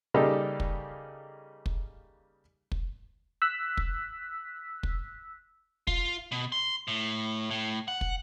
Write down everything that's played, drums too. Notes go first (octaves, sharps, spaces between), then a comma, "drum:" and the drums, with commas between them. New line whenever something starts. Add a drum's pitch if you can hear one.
C#3 G3 A#3 D#4 G4 A4
drum: kick
drum: kick
drum: kick
E6 F#6 B6
drum: kick
drum: kick
F4, drum: kick
B2
C6
A2
A2
F#5
drum: kick